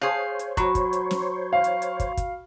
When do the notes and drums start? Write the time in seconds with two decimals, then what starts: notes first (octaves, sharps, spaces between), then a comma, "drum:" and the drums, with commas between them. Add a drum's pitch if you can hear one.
0.01 G#4 C5 C#5 F5 G6
0.39 drum: hi-hat
0.57 F#3 F#4 B5 C#6, drum: kick, hi-hat
0.75 drum: kick, hi-hat
0.93 drum: hi-hat
1.11 drum: snare
1.53 F5
1.64 drum: hi-hat
1.82 drum: hi-hat
2.00 drum: kick, hi-hat
2.17 drum: kick, hi-hat